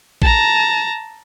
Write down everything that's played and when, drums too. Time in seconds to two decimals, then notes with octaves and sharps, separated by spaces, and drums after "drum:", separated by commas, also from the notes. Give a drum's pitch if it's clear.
0.22 A5 A#5, drum: kick A1